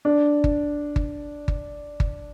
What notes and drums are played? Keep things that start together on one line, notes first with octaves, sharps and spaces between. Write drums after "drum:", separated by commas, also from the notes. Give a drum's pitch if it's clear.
D4
drum: kick G1
drum: kick G1
drum: kick G1
drum: kick G1